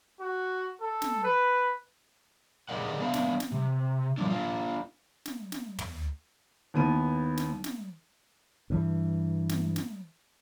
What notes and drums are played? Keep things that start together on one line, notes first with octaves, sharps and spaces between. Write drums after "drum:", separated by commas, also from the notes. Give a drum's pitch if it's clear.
F#4
A4
drum: snare
B4
G4 G#4 A#4 D5 D#5 F#5
B3 D4 E5 F5
drum: snare
drum: snare
C3
B2 F3 G3 D4
D4 F4
drum: snare
drum: snare
drum: tom
D#2 B3 D#4 E4 B4 D#7
drum: snare
drum: snare
G2 E3
drum: snare
drum: snare